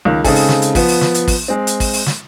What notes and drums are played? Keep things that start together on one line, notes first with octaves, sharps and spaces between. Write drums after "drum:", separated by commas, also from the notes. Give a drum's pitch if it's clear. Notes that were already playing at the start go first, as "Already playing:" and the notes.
C#2 D#3
C#3 G#3 C4 D#4 G#4 A4, drum: kick, open hi-hat
drum: open hi-hat
drum: snare
drum: hi-hat
F3 B3, drum: kick, open hi-hat
drum: open hi-hat
drum: snare
drum: hi-hat
drum: kick, open hi-hat
G#3 C4
drum: hi-hat
drum: kick, open hi-hat
drum: open hi-hat
drum: snare